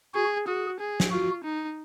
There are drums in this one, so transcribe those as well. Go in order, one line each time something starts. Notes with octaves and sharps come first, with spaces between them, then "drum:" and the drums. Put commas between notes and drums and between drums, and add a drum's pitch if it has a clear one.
F#4 G#4
F#4 G#4
G#4
drum: snare
F4 F#4
D#4